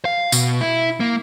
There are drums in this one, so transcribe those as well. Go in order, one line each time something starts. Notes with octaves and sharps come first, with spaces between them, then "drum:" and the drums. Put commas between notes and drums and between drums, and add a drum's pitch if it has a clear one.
F5
B2, drum: tambourine
E4
A#3